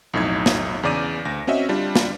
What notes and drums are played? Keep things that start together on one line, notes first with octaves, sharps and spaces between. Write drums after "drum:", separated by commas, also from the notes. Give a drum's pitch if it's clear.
B1 F2 A2 D#4 G#6
drum: snare
E2 C#3 D5 D6 G6 D#7
D2 A#6
C4 C#4 F#4 D#5 E5
G3 D4 F4
drum: snare